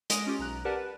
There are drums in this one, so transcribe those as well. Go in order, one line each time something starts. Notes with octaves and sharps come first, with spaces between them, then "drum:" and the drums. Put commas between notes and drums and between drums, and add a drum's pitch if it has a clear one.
G#3 D#5 G#5 D#6 A#6 D7, drum: hi-hat
C#4 F4 G4
B1 A#5 F#6
G4 A#4 B4 D5 F#5 A5
B4